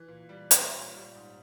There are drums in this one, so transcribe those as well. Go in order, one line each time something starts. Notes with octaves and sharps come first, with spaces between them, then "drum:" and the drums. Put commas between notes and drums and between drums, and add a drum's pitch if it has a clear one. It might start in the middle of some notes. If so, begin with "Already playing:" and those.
Already playing: E3
A#2
G3
C#4, drum: hi-hat
A#2
G3
G#2